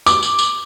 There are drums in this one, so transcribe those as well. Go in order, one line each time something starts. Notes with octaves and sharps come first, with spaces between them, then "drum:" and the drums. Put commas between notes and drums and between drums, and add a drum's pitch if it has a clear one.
D6, drum: tambourine
drum: tambourine
drum: tambourine